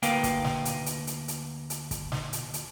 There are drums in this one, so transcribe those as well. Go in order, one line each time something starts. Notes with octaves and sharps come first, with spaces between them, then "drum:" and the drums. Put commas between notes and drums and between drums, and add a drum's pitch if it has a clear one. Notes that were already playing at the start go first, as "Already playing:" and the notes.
D2 A#3 B4 F5 G5, drum: hi-hat
drum: kick, hi-hat
drum: snare
drum: hi-hat
drum: hi-hat
drum: hi-hat
drum: hi-hat
drum: hi-hat
drum: kick, hi-hat
drum: snare
drum: hi-hat
drum: hi-hat